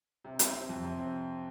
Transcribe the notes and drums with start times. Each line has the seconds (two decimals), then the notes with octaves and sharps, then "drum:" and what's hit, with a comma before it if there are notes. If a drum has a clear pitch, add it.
0.24 C3
0.39 C3, drum: hi-hat
0.54 C4
0.69 F2
0.84 C3
0.99 C4